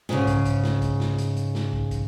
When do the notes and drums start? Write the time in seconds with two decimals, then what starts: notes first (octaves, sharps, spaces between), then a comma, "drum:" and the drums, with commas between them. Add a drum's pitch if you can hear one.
0.09 G#2 C#3, drum: snare
0.27 drum: kick, hi-hat
0.45 drum: kick, hi-hat
0.64 drum: snare
0.82 drum: kick, hi-hat
1.00 drum: snare
1.18 drum: hi-hat
1.37 drum: hi-hat
1.55 drum: snare
1.73 drum: kick
1.91 drum: kick, hi-hat